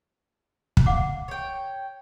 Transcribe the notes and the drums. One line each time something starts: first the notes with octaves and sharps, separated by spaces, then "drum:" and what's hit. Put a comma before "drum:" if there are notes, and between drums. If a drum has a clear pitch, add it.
drum: kick
F5 F#5 D6
C#5 G5